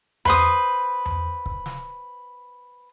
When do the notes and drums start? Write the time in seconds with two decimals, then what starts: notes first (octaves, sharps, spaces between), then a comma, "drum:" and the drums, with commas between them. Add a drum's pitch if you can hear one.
0.25 B4 C5 D#6, drum: tom E2
1.06 drum: tom E2
1.46 drum: kick C#1
1.66 drum: snare